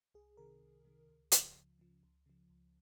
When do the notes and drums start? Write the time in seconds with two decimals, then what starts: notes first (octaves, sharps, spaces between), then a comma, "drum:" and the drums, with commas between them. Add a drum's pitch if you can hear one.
0.14 C2 G#4
0.37 C3 D#3 A#4
0.62 C2
0.85 C3 D#3
1.09 C#2
1.32 C#3 F3, drum: hi-hat
1.55 C#2
1.79 C#3 F3
2.03 C#2
2.26 C#3 F3
2.49 C#2